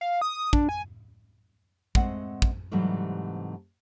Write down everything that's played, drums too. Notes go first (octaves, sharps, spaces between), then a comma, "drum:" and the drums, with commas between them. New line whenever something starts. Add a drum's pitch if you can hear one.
F5
D#6
D4, drum: kick
G#5
G#3 A3 C4 F#5, drum: kick
drum: kick
G#2 C3 E3 F#3 G3 A3